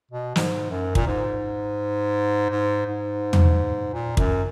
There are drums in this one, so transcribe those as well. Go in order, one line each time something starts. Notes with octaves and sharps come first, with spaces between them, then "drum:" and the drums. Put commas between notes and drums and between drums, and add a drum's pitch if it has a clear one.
B2
G#2, drum: snare
F#2
A#2, drum: kick
G#2
G#2
G#2
drum: tom
A#2
F#2, drum: kick